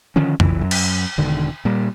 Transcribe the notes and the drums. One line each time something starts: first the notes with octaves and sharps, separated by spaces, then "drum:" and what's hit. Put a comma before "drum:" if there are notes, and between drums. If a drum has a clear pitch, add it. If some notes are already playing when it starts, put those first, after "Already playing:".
D3 D#3 F3 C#4
F1 B1 E3, drum: tom F2
F#2
drum: cymbal
E1 D3 D#3
A#2 G3